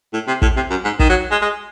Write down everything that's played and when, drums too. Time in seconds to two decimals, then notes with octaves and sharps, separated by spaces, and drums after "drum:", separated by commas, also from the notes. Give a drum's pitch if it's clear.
0.13 A2
0.27 C3
0.42 A2, drum: kick
0.56 C3
0.70 F#2
0.84 G#2
0.99 D#3, drum: kick
1.09 F#3
1.31 G#3
1.42 G#3